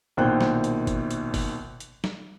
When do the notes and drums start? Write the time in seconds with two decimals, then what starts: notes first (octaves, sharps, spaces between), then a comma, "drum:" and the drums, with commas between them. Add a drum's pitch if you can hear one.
0.17 A#1 B2 D#3 C5 G5 F#6
0.41 drum: snare
0.64 drum: hi-hat
0.87 drum: kick, hi-hat
1.11 drum: hi-hat
1.34 drum: kick, open hi-hat
1.80 drum: hi-hat
2.04 drum: snare